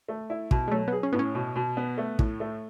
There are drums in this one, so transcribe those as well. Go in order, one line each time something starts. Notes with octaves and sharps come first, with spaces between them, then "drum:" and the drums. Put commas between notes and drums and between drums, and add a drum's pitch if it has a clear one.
A3
E4
B2, drum: kick
G#3
F#3 A3
B3 G#4
C#4
A2 B3
C#4
B2
B2
B3
A3
A2, drum: kick
A3